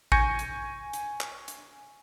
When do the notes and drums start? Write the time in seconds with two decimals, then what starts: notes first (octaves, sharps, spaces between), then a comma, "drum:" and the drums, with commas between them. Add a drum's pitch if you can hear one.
0.12 G#5 C#6 G6 G#6 A#6 C#7, drum: kick A1
0.39 drum: hi-hat
0.93 drum: hi-hat
1.21 drum: clap
1.48 drum: hi-hat